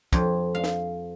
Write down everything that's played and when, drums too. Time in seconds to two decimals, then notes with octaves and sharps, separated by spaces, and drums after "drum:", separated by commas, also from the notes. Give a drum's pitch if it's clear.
0.13 F2, drum: kick, hi-hat
0.55 F5
0.64 drum: snare